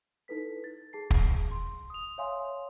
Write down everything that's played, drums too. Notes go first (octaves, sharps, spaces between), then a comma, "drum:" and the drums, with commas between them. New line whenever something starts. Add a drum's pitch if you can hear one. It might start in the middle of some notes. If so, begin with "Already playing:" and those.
D#4 E4 A4 B4 B6
A6
G#4 A5 C7
drum: kick
C6
D#6 F7
C#5 E5 F5 G#5 C6 D#6